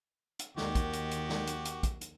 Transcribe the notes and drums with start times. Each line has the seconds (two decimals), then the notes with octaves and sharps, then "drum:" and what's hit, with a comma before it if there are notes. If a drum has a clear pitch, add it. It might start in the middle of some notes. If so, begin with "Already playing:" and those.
0.39 drum: hi-hat
0.57 D#2 D#3 F#4 G4, drum: snare
0.75 drum: kick, hi-hat
0.93 drum: hi-hat
1.11 drum: hi-hat
1.29 drum: snare
1.47 drum: hi-hat
1.65 drum: hi-hat
1.83 drum: kick, hi-hat
2.01 drum: hi-hat